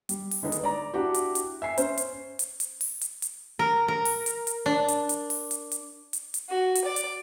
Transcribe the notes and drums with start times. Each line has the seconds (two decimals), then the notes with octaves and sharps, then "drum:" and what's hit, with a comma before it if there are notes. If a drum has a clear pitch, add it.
0.09 G3, drum: hi-hat
0.31 drum: open hi-hat
0.43 D3 G#3 B3 D#4
0.52 drum: hi-hat
0.63 D5 A#5
0.94 D4 E4 F#4 G4
1.14 drum: hi-hat
1.35 drum: hi-hat
1.62 E5 G#5 C7
1.78 C#4 C5, drum: hi-hat
1.98 drum: hi-hat
2.39 drum: hi-hat
2.60 drum: hi-hat
2.81 drum: open hi-hat
3.01 drum: hi-hat
3.22 drum: hi-hat
3.59 A#4
3.88 A#4
4.05 drum: open hi-hat
4.26 drum: hi-hat
4.47 drum: hi-hat
4.66 D4
4.88 drum: hi-hat
5.09 drum: hi-hat
5.30 drum: open hi-hat
5.51 drum: hi-hat
5.71 drum: hi-hat
6.13 drum: hi-hat
6.34 drum: hi-hat
6.49 F#4
6.75 drum: hi-hat
6.85 D5
6.96 drum: hi-hat